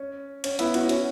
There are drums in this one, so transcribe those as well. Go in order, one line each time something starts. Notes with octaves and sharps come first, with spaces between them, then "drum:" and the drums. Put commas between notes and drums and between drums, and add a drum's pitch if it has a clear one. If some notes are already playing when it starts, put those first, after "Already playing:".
Already playing: C#4
C#4, drum: cymbal
B3 E4, drum: cymbal
C#4 F#4, drum: cymbal
C#4, drum: cymbal